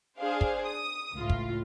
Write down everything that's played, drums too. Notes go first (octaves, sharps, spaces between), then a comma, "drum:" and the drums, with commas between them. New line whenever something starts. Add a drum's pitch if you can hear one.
D4 G#4 C5 D5 F5
drum: kick
D#6
C#2 A2 F4
drum: kick